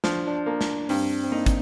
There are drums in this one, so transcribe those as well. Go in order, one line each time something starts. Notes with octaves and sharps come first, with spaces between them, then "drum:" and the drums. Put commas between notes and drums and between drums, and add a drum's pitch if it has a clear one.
F3 D4, drum: snare
D4
A#3
drum: snare
G2 C4, drum: open hi-hat
C4
A#3 D#4
drum: kick, hi-hat